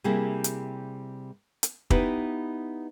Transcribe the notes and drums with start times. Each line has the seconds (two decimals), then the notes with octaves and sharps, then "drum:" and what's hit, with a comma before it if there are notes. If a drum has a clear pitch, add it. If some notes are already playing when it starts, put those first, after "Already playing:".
0.04 C3 G3 A#3 E4 G#4
0.44 drum: hi-hat
1.63 drum: hi-hat
1.90 B3 D#4 E4 G4 B4, drum: kick